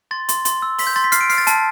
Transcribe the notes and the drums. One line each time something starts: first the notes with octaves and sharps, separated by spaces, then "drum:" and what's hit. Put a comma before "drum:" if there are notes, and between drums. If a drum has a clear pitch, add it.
C6 A6
C6, drum: hi-hat
C6, drum: hi-hat
E6
C6 B6, drum: open hi-hat
G6
C6 A6
B6
F6 C7, drum: hi-hat
D7
F6 C7, drum: open hi-hat
A6
A5, drum: hi-hat